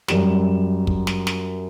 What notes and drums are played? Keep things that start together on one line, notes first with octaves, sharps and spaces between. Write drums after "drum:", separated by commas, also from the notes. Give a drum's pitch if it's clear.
F#2 G3 G4 E7, drum: snare
drum: kick
drum: snare
drum: snare